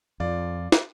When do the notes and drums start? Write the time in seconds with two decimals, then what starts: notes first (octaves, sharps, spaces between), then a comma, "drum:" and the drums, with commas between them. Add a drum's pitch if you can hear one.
0.20 F2 F4 D5
0.72 drum: snare